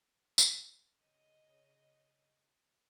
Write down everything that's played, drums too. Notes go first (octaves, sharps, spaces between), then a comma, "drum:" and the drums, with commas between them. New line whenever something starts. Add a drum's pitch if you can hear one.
drum: tambourine
C#3 D#5